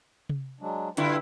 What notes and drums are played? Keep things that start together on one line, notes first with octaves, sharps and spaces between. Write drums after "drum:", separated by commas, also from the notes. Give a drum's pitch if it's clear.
drum: tom C3
F#3 G#3 D4
G2 D3 E4 F4 B4 G5, drum: hi-hat